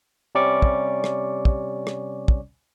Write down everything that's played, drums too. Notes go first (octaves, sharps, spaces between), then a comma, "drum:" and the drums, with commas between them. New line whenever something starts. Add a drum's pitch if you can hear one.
C3 G3 C#4 D5 C#6 D6
drum: kick
drum: rim click
drum: kick
drum: rim click
drum: kick